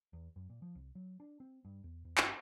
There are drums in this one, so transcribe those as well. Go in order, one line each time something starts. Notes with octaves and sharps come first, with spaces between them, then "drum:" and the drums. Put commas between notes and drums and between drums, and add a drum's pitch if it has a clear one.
E2
F#2
A#2
F3
C2
F#3
D4
C4
G2
E2
E2
G1, drum: clap